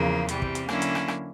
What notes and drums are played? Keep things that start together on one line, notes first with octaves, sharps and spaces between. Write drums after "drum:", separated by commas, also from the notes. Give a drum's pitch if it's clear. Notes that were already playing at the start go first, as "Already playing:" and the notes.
Already playing: E2 C#3 F3 A#3
C3 E3 G3, drum: hi-hat
drum: kick
drum: hi-hat
D3 F#3 A#3 C#4 E4, drum: rim click
drum: hi-hat
drum: rim click
drum: rim click